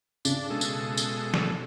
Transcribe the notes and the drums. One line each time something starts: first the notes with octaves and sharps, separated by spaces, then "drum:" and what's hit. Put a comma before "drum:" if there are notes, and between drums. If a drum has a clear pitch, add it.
C#3 D4, drum: tambourine
B2 G#3 A4
drum: tambourine
drum: tambourine
drum: snare